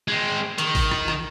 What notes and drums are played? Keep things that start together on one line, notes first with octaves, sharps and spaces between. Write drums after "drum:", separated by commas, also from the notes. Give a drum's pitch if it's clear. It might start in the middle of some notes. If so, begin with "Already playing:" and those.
G#3 C4
D#3, drum: hi-hat
drum: kick, open hi-hat
drum: rim click
drum: rim click